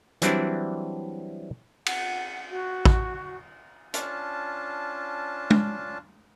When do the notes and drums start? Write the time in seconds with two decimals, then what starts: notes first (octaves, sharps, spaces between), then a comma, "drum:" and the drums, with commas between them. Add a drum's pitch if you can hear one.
0.22 E3 F#3 G3 C4 D4 E4, drum: hi-hat
1.86 F#5, drum: cymbal
2.50 F#4
2.85 drum: kick
3.94 C#4 D4 F4 A5, drum: hi-hat
5.50 drum: tom